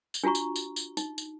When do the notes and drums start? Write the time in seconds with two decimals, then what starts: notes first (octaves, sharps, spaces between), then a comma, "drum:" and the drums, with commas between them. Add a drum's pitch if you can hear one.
0.14 drum: tambourine
0.24 D4 F4 F#4 A#5 C#6
0.35 drum: tambourine
0.56 drum: tambourine
0.76 drum: tambourine
0.97 D#4, drum: tambourine
1.18 drum: tambourine